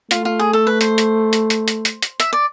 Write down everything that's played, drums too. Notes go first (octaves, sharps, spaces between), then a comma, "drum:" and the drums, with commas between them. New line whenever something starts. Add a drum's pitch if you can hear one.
A3 F4, drum: hi-hat
F4
G#4
A4
B4
C5, drum: hi-hat
drum: hi-hat
drum: hi-hat
drum: hi-hat
drum: hi-hat
drum: hi-hat
drum: hi-hat
E5, drum: hi-hat
D5